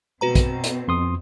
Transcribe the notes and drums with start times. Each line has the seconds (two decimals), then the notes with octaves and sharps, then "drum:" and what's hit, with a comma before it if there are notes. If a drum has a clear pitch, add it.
0.21 B2 C4 F#4 B4 A#5
0.35 drum: kick, hi-hat
0.64 drum: hi-hat
0.88 F2 C6 D#6